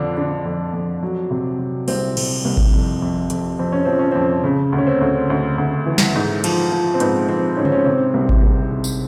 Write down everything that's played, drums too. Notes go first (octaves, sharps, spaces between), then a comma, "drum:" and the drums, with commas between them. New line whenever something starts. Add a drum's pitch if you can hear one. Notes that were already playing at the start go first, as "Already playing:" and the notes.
Already playing: F2 D3 F3 D4
D3 D4
F2
F2
F#3
C3
F#3
C2 C4, drum: open hi-hat
C3, drum: cymbal
C2
drum: kick G#1
F2
F2
F2, drum: hi-hat
F2 C4
C#4
F3 C4
C#4
F2 C4
C#3
D2
C#4
C4
D2
D2
D2
E3
drum: snare
G#2
F3, drum: cymbal
F3
C4
G#2 B3, drum: hi-hat
F3 C4
G#2 C#4
C4, drum: tom C#3
C#4
C3 C4
C2
drum: kick G#1
C2
C3
drum: tambourine